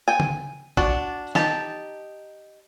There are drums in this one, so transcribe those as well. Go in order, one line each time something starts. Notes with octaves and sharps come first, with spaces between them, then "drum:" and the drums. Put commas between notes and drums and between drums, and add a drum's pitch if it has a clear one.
G5 G#5
drum: tom C#3
D4 F#4 D5, drum: kick
D#4 G4 A5, drum: snare